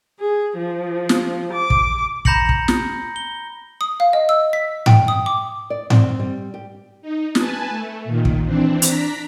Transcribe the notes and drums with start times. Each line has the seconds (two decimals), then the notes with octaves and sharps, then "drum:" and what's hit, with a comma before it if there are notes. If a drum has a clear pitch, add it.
0.19 G#4
0.57 F3
1.09 drum: snare
1.53 D6
1.70 drum: kick
2.25 A#5 B5 G6 A#6 C#7 F#7, drum: kick
2.49 drum: kick
2.68 drum: snare
3.16 G7
3.81 D#6
4.00 F5
4.13 D#5
4.29 E6
4.53 B6
4.86 G5, drum: tom G#2
5.08 D#6
5.26 D6
5.70 D5
5.90 C4, drum: tom G#2
6.19 G3
6.54 G4
7.02 D#4
7.35 B4 G#5 A5, drum: snare
7.70 A3
8.04 A#2 D#3
8.25 drum: kick
8.46 E3 C4 D4
8.82 D4 A#5 B6, drum: hi-hat